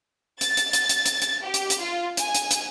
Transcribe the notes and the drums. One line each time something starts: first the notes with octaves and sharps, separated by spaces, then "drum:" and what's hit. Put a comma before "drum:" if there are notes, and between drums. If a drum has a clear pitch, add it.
A6, drum: hi-hat
drum: hi-hat
drum: hi-hat
drum: hi-hat
drum: hi-hat
drum: hi-hat
G4
drum: hi-hat
drum: hi-hat
F4
G#5, drum: hi-hat
drum: hi-hat
drum: hi-hat